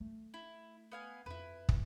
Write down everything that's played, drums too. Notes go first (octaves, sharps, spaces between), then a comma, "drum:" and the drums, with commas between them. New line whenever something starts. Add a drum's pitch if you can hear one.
A3
E4
B3 F5 G#5
F2 E4 B4
drum: kick